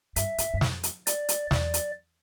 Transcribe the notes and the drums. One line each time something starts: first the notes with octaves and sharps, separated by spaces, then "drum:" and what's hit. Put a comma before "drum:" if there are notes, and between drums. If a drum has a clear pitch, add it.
G2 E5, drum: hi-hat
A2, drum: hi-hat
G2
F2, drum: snare
drum: hi-hat
D5, drum: hi-hat
drum: hi-hat
E2 D5, drum: snare
drum: hi-hat